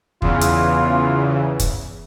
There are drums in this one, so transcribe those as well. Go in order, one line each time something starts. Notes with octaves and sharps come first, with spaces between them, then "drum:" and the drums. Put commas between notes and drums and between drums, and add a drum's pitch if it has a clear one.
E2 C#3 E3 F4, drum: kick
drum: hi-hat
drum: kick, hi-hat